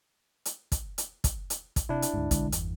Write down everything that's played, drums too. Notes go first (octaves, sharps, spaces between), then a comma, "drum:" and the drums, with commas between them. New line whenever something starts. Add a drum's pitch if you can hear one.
drum: hi-hat
drum: kick, hi-hat
drum: hi-hat
drum: kick, hi-hat
drum: hi-hat
drum: kick, hi-hat
C3 D4 E4
drum: hi-hat
D2 G#2
B1 D3 G#3, drum: kick, hi-hat
G1 E2, drum: hi-hat